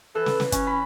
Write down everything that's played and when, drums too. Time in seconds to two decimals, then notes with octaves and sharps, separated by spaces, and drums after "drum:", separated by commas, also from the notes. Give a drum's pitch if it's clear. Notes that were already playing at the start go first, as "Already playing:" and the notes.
0.15 E3 A4
0.26 drum: snare
0.40 drum: snare
0.52 C#4, drum: kick, hi-hat
0.67 B5